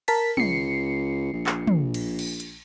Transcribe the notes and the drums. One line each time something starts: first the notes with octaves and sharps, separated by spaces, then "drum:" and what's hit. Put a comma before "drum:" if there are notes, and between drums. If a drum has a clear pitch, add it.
A#4 A5 B6, drum: cymbal
C#2 C7 C#7, drum: tom
A#1
drum: clap
drum: tom
drum: cymbal
drum: cymbal
drum: hi-hat